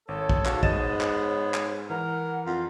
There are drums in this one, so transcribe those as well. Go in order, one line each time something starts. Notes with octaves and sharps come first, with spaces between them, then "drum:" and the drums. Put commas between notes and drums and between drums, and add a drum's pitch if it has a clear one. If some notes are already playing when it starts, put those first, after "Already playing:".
G#1 A4 C#5
drum: kick
G#2 F#4 F5 A5, drum: clap
B3 D#5 A6 E7, drum: kick
drum: clap
C#5
drum: clap
E3 A#4 F#5
F2 F4